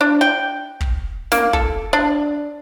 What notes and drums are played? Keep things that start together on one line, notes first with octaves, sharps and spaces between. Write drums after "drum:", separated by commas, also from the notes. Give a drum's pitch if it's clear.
D4
G5
drum: kick
A#3, drum: snare
A4, drum: kick
D4